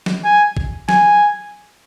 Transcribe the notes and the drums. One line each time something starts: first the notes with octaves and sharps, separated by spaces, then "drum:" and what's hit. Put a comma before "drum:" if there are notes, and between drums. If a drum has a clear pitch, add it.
drum: snare
G#5
drum: kick
G#5, drum: snare